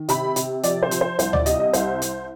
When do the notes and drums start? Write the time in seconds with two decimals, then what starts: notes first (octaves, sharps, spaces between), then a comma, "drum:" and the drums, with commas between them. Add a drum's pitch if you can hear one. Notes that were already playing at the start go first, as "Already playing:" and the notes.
Already playing: D#3
0.09 C3 B5, drum: hi-hat
0.36 C3, drum: hi-hat
0.63 F3 D5, drum: hi-hat
0.83 C5
0.91 F3, drum: hi-hat
1.01 C5
1.19 C2 C5, drum: hi-hat
1.33 D5, drum: tom D2
1.46 C3 D#5, drum: hi-hat
1.60 D#5
1.73 C2 C5, drum: hi-hat
2.02 C2, drum: hi-hat